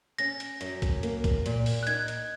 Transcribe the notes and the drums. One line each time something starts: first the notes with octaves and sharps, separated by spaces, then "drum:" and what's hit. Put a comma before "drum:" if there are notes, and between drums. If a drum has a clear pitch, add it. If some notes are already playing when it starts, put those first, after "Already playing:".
C#4 A#6, drum: hi-hat
drum: hi-hat
F#2, drum: hi-hat
drum: kick, hi-hat
A#3, drum: hi-hat
drum: kick, hi-hat
A#2, drum: hi-hat
drum: open hi-hat
F#6
D#4 G#6, drum: hi-hat
drum: hi-hat